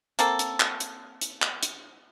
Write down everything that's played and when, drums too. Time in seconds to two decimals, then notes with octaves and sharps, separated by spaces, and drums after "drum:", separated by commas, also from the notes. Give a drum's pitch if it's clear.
0.19 A#3 C4 A4, drum: hi-hat
0.39 drum: hi-hat
0.60 drum: clap
0.80 drum: hi-hat
1.21 drum: hi-hat
1.42 drum: clap
1.63 drum: hi-hat